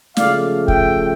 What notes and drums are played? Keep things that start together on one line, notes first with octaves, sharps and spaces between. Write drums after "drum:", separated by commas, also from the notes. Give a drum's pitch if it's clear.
C#3 F3 A3 D5 F5, drum: snare
E5 G5, drum: kick